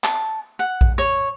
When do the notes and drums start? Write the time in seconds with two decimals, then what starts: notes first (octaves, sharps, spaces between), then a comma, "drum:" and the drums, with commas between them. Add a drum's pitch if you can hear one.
0.04 A5, drum: clap
0.59 F#5
0.81 drum: kick A#1
0.98 C#5